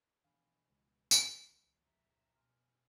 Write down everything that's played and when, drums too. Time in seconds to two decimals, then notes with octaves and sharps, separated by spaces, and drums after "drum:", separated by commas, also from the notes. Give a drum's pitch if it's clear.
0.25 B2 E3 F3 B3 D4 F5 G#5 B5
0.70 C#2
1.11 drum: tambourine
1.45 D1 B1 E3
1.85 A#1 F2 E5 A#5
2.35 B2 G#5 C6 F6